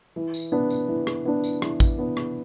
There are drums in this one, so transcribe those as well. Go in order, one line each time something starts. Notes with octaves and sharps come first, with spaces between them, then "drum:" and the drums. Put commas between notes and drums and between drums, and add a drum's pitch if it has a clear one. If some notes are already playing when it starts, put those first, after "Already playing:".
E3
drum: tambourine
B3 D4
drum: tambourine
E3
drum: rim click
B3 D4
drum: tambourine
E3, drum: rim click
drum: kick, tambourine
B3 D4
drum: rim click